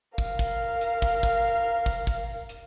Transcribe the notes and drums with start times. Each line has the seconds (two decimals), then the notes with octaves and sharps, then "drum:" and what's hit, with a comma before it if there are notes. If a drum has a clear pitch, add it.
0.18 A#4 F5, drum: kick
0.39 drum: kick, hi-hat
0.81 drum: hi-hat
1.02 drum: kick
1.23 drum: kick, hi-hat
1.86 drum: kick
2.07 drum: kick, hi-hat
2.49 drum: hi-hat